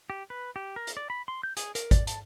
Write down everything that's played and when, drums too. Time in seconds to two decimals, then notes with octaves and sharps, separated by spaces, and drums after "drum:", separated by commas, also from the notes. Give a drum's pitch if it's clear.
0.10 G4
0.30 B4
0.56 G4
0.76 A#4
0.87 drum: hi-hat
0.97 D5
1.10 B5
1.28 C6
1.43 G6
1.57 G#4, drum: hi-hat
1.75 A#4, drum: hi-hat
1.91 D5, drum: kick, hi-hat
2.07 A5, drum: hi-hat